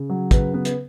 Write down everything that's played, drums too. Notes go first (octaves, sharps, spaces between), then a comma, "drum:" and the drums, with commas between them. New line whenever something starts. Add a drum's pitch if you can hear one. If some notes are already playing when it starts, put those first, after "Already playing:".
Already playing: C#3
F#3
C#3 B4, drum: kick, hi-hat
B3 B4
B4, drum: hi-hat